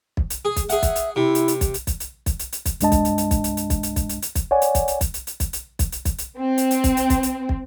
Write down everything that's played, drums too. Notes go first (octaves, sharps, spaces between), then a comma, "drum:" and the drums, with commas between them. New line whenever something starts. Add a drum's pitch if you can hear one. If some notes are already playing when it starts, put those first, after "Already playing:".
drum: kick
drum: hi-hat
G#4
drum: kick, hi-hat
G#4 E5 F#5, drum: hi-hat
drum: kick, hi-hat
drum: hi-hat
C3 E4
drum: hi-hat
drum: hi-hat
drum: kick, hi-hat
drum: hi-hat
drum: kick, hi-hat
drum: hi-hat
drum: kick, hi-hat
drum: hi-hat
drum: hi-hat
drum: kick, hi-hat
C2 G2 G#3 D4 D#5 A5, drum: hi-hat
drum: kick, hi-hat
drum: hi-hat
drum: hi-hat
drum: kick, hi-hat
drum: hi-hat
drum: hi-hat
drum: kick, hi-hat
drum: hi-hat
drum: kick, hi-hat
drum: hi-hat
drum: hi-hat
drum: kick, hi-hat
C#5 D5 F#5 G#5
drum: hi-hat
drum: kick, hi-hat
drum: hi-hat
drum: kick, hi-hat
drum: hi-hat
drum: hi-hat
drum: kick, hi-hat
drum: hi-hat
drum: kick, hi-hat
drum: hi-hat
drum: kick, hi-hat
drum: hi-hat
C4
drum: hi-hat
drum: hi-hat
drum: kick, hi-hat
drum: hi-hat
drum: kick, hi-hat
drum: hi-hat
drum: kick